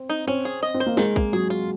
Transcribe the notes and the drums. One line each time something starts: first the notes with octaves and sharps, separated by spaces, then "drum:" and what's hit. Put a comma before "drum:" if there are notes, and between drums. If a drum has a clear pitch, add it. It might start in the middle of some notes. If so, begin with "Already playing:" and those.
Already playing: C4
D#4
C4 C#4
G#4
D#5
C4
C5
A#3
D#3 G#3, drum: snare
A#3, drum: kick
F#3 G#4
F4, drum: open hi-hat